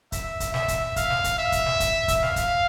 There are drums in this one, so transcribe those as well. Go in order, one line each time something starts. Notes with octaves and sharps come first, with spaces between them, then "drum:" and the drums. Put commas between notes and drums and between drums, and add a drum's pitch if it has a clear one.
E5, drum: kick, hi-hat
drum: kick, hi-hat
E5, drum: snare
drum: kick, hi-hat
F5, drum: kick, hi-hat
drum: snare
drum: kick, hi-hat
E5
drum: kick, hi-hat
drum: snare
drum: kick, hi-hat
drum: kick, hi-hat
F5, drum: snare
drum: kick, hi-hat